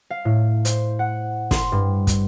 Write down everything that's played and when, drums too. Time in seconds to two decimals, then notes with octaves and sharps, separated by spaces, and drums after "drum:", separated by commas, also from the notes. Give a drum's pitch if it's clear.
0.10 F5
0.25 A2
0.65 C5, drum: hi-hat
0.99 F#5
1.51 C6, drum: snare
1.72 G2
2.07 drum: kick, hi-hat